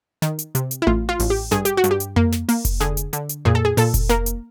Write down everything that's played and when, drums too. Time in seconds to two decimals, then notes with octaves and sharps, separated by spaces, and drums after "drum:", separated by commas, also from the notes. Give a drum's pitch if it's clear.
0.22 D#3, drum: snare
0.39 drum: hi-hat
0.55 C3, drum: hi-hat
0.71 drum: hi-hat
0.82 E4
0.87 A1 F4, drum: tom A3
1.09 F4
1.20 A1, drum: open hi-hat
1.30 G4
1.51 G2 G#4, drum: snare
1.65 G4, drum: hi-hat
1.77 F#4
1.84 G2, drum: hi-hat
1.91 G4
2.00 drum: hi-hat
2.16 A#3, drum: tom F2
2.32 drum: snare
2.49 A#3, drum: open hi-hat
2.65 drum: kick F1, hi-hat
2.81 D3 G#4, drum: snare
2.97 drum: hi-hat
3.13 D3, drum: hi-hat
3.29 drum: hi-hat
3.45 A#2 G#4, drum: tom F2
3.55 A4
3.65 G#4
3.77 A#2 A4, drum: open hi-hat
3.94 drum: kick F1, hi-hat
4.09 A#3 A#4, drum: snare
4.26 drum: hi-hat